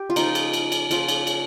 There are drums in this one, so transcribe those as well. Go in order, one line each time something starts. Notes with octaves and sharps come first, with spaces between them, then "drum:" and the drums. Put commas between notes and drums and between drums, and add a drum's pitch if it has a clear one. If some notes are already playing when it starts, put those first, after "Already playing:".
Already playing: G4
F4
C#3 F3 A#3 D#4, drum: cymbal
drum: cymbal
drum: cymbal
drum: cymbal
C#3 F3 A#3 F4, drum: cymbal
drum: cymbal
drum: cymbal